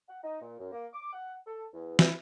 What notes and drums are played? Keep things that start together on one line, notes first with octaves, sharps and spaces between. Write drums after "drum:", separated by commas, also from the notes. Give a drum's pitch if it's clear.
F#5
D#4
A#2
F#2
A#3
D6
F#5
A4
E2
E4, drum: snare